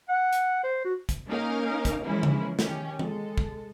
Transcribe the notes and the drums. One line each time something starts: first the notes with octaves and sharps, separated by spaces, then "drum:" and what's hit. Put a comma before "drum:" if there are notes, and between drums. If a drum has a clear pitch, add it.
F#5
drum: hi-hat
C5
F#4
drum: kick, hi-hat
A#3 C#4 D#4 A#4 F5
drum: kick, hi-hat
E3 F3 G#3 A#3 C#4 E4
drum: tom C#3
D#3 C#4 G4, drum: snare
G#3 A4, drum: tom E3
drum: kick